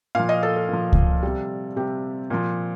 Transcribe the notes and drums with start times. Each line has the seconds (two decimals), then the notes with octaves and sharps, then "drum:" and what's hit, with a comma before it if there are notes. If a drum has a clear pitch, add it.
0.15 A#2 F3 F5
0.29 D#5
0.43 A4
0.56 A4
0.69 A#2 F3
0.93 drum: kick C#2
1.23 C3 G3
1.76 C3 G3 G4
2.30 A#2 F3